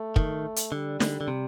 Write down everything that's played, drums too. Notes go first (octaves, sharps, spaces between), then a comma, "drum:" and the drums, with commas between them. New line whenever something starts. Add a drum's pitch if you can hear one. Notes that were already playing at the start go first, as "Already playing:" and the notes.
Already playing: A3
D#3, drum: kick
drum: hi-hat
D3 G3
D3, drum: snare
D3
C3